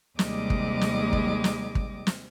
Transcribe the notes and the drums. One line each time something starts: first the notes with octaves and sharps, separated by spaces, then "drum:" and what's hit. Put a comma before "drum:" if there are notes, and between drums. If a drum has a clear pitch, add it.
D#2 C3 G3 G#3 D#5 D6, drum: snare
drum: kick
drum: snare
drum: kick
drum: snare
drum: kick
drum: snare